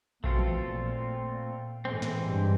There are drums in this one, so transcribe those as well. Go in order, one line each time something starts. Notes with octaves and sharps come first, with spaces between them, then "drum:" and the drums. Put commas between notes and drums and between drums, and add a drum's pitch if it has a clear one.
B2 A3 C4 F4 A4, drum: kick A#1
drum: tom E3
A#2
A2 E3 G#3 C4
drum: snare
G2